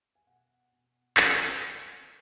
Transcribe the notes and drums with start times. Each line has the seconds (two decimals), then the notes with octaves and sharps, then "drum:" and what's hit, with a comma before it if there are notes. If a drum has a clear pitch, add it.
0.15 G#5
0.26 B2 F#5
0.72 B2
1.17 B2, drum: clap
1.63 B2